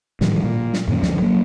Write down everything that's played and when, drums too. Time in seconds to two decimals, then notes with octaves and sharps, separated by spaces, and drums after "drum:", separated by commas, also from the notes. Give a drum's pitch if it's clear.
0.21 A2 D#3 F3 G3, drum: snare
0.44 A#2
0.74 drum: snare
0.88 F#2 A#2 D#3 C#4
1.03 D2 F3, drum: snare
1.19 F#3 A#3